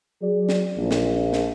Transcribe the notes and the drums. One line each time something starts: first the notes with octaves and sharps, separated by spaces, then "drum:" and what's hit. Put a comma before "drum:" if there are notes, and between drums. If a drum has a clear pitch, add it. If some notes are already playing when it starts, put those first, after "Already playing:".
F#3 G#4 D5
drum: snare
A#1
drum: snare
drum: snare